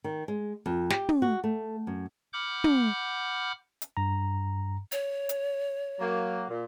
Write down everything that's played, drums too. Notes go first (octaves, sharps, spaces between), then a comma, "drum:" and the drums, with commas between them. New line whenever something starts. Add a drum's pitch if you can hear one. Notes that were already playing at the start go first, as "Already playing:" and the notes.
D#3
G#3
F2
G4, drum: snare
drum: tom
F#4
A3
F#2
F#5 B5 D6 F6 G6
drum: tom
drum: hi-hat
G2 A#5
C#5, drum: hi-hat
drum: hi-hat
F#3 A#3
A#2